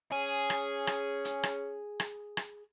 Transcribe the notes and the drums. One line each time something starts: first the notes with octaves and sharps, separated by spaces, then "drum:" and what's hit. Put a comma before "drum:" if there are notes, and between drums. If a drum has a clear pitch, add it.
C#4 G#4
drum: rim click
drum: rim click
drum: hi-hat
drum: rim click
drum: rim click
drum: rim click